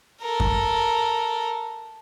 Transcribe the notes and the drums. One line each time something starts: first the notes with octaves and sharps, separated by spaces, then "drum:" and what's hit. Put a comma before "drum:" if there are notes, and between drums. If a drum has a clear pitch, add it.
A4 A#4
drum: kick F#2